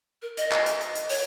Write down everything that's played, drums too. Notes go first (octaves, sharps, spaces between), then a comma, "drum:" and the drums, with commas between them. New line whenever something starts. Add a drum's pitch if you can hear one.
A#4
D#5, drum: hi-hat
drum: clap
drum: hi-hat
drum: hi-hat
drum: hi-hat
C#5, drum: open hi-hat